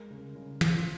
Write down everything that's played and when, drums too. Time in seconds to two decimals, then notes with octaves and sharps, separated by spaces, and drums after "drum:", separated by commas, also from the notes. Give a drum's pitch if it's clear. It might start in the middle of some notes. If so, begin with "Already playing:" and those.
Already playing: G#3 A#4
0.11 C#3
0.36 C#3
0.61 F3, drum: snare